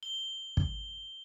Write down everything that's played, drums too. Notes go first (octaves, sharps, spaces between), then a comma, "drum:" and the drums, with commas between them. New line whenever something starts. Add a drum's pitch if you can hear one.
G7
drum: kick